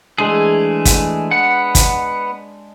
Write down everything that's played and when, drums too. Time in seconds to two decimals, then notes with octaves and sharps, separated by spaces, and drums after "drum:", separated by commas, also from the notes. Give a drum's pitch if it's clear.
0.18 E3 G#3 A3 D4 G#4
0.85 drum: kick, hi-hat
1.31 B3 F#5
1.75 drum: kick, hi-hat